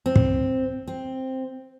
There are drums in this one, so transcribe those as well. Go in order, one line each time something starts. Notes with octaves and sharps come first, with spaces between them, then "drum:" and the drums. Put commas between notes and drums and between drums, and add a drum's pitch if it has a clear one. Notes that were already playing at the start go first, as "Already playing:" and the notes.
C4
drum: kick
C4